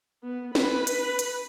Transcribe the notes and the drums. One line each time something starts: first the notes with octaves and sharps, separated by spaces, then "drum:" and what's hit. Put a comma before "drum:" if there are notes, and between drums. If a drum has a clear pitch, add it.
B3
B4 B5, drum: snare
drum: hi-hat
drum: hi-hat